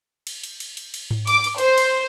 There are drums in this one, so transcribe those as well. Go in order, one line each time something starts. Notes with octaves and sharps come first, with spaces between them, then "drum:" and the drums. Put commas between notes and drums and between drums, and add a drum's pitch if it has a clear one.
drum: cymbal
drum: cymbal
drum: cymbal
drum: cymbal
drum: cymbal
drum: tom G#2
D6, drum: cymbal
drum: cymbal
C5, drum: cymbal
drum: cymbal